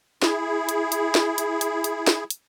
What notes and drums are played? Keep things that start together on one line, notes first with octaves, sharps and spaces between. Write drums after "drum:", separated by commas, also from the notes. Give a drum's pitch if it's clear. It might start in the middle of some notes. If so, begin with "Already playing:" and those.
E4 G#4, drum: snare
drum: hi-hat
drum: hi-hat
drum: snare
drum: hi-hat
drum: hi-hat
drum: hi-hat
drum: snare
drum: hi-hat